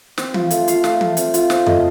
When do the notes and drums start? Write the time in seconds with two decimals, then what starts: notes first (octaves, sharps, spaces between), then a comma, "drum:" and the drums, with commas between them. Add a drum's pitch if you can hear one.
0.18 C4 G5, drum: snare
0.34 F4, drum: tom E3
0.51 A3, drum: hi-hat
0.68 F4 F5, drum: hi-hat
0.84 A3, drum: snare
1.01 A3, drum: tom E3
1.17 C4, drum: hi-hat
1.34 F4, drum: hi-hat
1.50 C4, drum: snare
1.66 A3 D#5, drum: tom F2